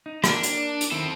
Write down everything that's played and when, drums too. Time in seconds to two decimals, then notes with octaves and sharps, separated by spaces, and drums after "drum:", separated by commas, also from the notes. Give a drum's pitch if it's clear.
0.06 D#4
0.24 A#3 D4 D5, drum: rim click
0.43 drum: hi-hat
0.81 drum: hi-hat
0.91 D#3 C4 E4 A4